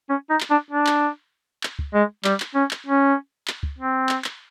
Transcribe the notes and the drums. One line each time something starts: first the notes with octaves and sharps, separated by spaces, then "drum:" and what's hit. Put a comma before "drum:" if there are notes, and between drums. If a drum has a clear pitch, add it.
C#4
D#4
drum: clap
D4
D4
drum: clap
drum: clap
drum: kick
G#3
G3, drum: clap
drum: clap
C#4
drum: clap
C#4
drum: clap
drum: kick
C4
drum: clap
drum: clap